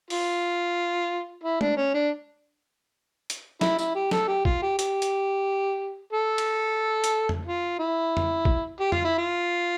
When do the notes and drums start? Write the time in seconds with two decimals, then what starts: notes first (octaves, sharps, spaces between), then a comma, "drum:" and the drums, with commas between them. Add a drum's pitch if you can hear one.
0.10 F4, drum: open hi-hat
1.43 E4
1.61 D4, drum: tom
1.77 C#4
1.94 D4
3.30 drum: hi-hat
3.61 E4, drum: snare
3.78 E4, drum: tambourine
3.95 G4
4.11 A4, drum: snare
4.28 G4
4.45 F4, drum: kick
4.62 G4
4.79 G4, drum: hi-hat
5.02 drum: hi-hat
6.13 A4
6.38 drum: cymbal
7.04 drum: hi-hat
7.29 drum: tom F2
7.46 F4
7.79 E4
8.17 drum: tom F2
8.45 drum: kick
8.81 G4
8.92 F4, drum: tom F2
9.04 E4
9.18 F4